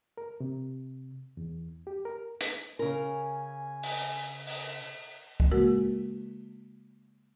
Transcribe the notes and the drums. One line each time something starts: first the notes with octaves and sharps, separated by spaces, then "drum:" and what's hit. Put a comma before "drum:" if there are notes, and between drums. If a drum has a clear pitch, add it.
A#4
C3
E2
G4
A#4
drum: hi-hat
C#3 A#4 G#5
drum: open hi-hat
drum: open hi-hat
drum: kick C#2
C#3 G#3 A#3 F#4 A#4